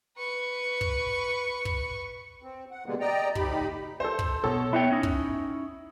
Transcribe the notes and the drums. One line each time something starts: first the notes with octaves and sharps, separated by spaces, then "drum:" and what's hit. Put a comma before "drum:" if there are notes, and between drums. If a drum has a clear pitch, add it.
B4 C#6
drum: kick
drum: kick
C4
F#5
B2 D3 G3 G#3 A#3 B3
D5 D#5 G5 A#5
D2 D#4 G4 B5, drum: kick
A4 C5
drum: kick
B2 A4 C#5
B3 E4 C#5 G5
C#4 D#4
drum: kick